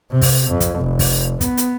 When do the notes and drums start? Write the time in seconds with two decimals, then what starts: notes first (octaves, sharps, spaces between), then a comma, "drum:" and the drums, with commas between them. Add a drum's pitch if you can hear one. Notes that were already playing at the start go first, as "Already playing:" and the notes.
0.11 C3
0.22 drum: kick, open hi-hat
0.50 F2
0.60 drum: kick, hi-hat
0.80 F1
0.99 drum: kick, open hi-hat
1.41 B3, drum: kick, hi-hat
1.57 drum: hi-hat